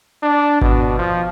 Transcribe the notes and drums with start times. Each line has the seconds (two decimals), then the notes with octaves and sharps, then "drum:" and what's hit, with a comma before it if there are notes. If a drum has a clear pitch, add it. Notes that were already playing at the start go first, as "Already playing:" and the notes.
0.23 D4
0.61 B2, drum: kick G#1
0.99 F3